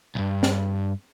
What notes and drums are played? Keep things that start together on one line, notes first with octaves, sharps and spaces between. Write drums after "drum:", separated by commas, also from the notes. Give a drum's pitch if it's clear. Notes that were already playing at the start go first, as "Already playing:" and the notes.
C2 G2
drum: snare